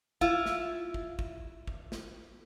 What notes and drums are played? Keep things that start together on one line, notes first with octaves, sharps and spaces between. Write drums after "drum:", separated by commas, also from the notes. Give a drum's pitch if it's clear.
E4 F4, drum: kick G#1
drum: snare
drum: kick G#1
drum: kick G#1
drum: kick G#1
drum: snare